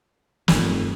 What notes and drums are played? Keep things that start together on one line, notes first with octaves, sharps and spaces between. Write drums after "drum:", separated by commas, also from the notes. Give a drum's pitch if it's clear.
F1 G2 B3, drum: snare